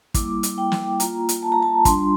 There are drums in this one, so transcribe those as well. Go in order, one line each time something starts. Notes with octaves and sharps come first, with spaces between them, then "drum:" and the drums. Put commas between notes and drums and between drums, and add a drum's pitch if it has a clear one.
G3 A#3 E4 D6, drum: kick, hi-hat
drum: hi-hat
G5
drum: snare
A#3 F4 A#5, drum: hi-hat
drum: hi-hat
A5
A#5
A5
G3 D4 F4 C6, drum: kick, hi-hat